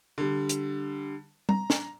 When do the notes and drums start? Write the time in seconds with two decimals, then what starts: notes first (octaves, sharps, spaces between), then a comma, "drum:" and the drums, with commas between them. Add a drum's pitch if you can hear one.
0.18 D3 G3
0.49 drum: hi-hat
1.49 A#5, drum: tom G3
1.70 drum: snare